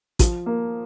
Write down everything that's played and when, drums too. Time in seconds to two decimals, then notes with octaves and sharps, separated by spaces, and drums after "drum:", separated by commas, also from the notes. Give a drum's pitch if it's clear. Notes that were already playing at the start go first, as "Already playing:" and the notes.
0.19 F3, drum: kick, hi-hat
0.46 A#3